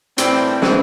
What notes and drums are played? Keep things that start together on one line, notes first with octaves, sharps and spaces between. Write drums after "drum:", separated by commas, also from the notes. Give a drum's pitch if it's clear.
A2 E3 G3 C4, drum: hi-hat
E3 G3 C4 D4 F#4 G#4, drum: snare